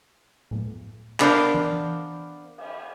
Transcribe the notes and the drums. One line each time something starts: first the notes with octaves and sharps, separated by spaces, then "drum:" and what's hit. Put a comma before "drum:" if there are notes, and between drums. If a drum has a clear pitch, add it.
drum: tom A2
B3 D4 A#4 C5 F5, drum: clap
drum: tom E3
drum: cymbal